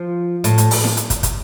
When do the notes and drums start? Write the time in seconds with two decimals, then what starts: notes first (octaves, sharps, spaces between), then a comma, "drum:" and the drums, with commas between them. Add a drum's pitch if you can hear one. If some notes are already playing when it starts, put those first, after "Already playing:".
Already playing: F3
0.44 A2, drum: hi-hat
0.58 drum: hi-hat
0.71 drum: open hi-hat
0.84 drum: snare E4
0.97 drum: hi-hat
1.10 drum: kick, hi-hat
1.23 drum: kick, hi-hat